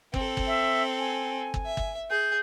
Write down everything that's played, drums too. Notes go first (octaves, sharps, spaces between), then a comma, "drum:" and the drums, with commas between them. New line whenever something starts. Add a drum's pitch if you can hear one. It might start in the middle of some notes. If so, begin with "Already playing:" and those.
C4 A4, drum: kick G1
drum: kick G1
E5
G#5
drum: kick G1
E5
drum: kick G1
G#4 G6